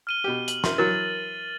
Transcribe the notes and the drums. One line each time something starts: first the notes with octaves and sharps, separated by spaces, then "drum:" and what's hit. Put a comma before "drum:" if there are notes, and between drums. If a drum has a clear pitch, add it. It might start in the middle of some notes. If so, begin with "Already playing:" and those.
F6 D#7 G7
B2 G4
F#7, drum: hi-hat
E4 A#4 C6, drum: snare
E3 F#3 A#4 A6